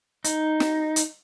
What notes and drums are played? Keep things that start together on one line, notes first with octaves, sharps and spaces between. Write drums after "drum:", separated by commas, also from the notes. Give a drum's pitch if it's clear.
D#4, drum: hi-hat
drum: snare
drum: hi-hat